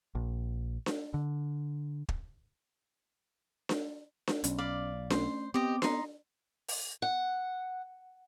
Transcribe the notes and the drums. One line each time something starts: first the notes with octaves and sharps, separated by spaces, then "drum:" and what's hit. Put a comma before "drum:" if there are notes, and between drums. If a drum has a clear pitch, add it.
A#1
drum: snare D4
D3
drum: kick
drum: snare D4
drum: snare D4
B1 C#4, drum: hi-hat
D5 F5 B5
A3 C#4 C5, drum: snare D4
B3 C4 G4 D#5
D#4 C6, drum: snare D4
drum: open hi-hat
F#5